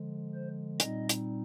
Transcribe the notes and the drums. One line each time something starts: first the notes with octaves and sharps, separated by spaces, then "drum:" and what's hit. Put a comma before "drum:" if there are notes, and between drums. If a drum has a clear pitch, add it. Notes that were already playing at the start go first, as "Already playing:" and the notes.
Already playing: D3 F3 G#3
C5
A#2 G3 C4 D#4 D#5, drum: hi-hat
drum: hi-hat